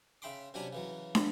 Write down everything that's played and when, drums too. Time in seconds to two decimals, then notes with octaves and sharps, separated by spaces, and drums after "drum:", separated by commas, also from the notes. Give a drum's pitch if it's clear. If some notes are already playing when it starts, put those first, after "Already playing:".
0.22 C#3 E5 G5 B5 C6 D6
0.54 C3 F#3 C#4 D4 G#5 B5
0.73 C#3 E3 F#3
1.15 drum: snare